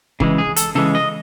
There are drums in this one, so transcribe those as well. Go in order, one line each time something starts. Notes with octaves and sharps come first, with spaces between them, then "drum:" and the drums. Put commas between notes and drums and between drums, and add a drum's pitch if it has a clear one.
C#3 E3 G#3, drum: kick
G#4
A4, drum: hi-hat
C#3 E3 G#3 A4
D#5